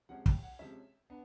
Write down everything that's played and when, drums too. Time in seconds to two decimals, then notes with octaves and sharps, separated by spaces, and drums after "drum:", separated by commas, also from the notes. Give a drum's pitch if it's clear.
0.09 C3 F3 G#3 C#4 F#5
0.26 G5, drum: kick
0.42 F#5
0.59 C3 F3 G#3 C#4 E5
1.10 B3 D4